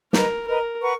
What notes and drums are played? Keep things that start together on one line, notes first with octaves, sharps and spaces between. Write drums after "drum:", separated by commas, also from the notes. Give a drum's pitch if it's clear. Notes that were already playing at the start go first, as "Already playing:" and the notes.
A#4 B4 D#5 A#5, drum: snare
A#4 B4 D#5 A#5
B4 F#5 A#5 C#6